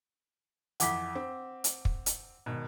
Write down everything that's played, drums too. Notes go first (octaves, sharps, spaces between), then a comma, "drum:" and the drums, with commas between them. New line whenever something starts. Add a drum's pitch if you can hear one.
F2 E3 F#5 D6 B6, drum: hi-hat
C4
drum: hi-hat
drum: kick
drum: hi-hat
G#1 B2